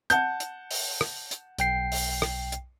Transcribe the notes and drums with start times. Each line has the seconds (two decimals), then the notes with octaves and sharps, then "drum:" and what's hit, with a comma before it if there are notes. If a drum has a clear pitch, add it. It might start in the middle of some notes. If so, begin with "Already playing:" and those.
0.10 F#5 A5 G6, drum: hi-hat
0.40 drum: hi-hat
0.71 drum: open hi-hat
1.01 drum: rim click
1.31 drum: hi-hat
1.59 B1 G5 C7, drum: hi-hat
1.92 drum: open hi-hat
2.22 drum: rim click
2.52 drum: hi-hat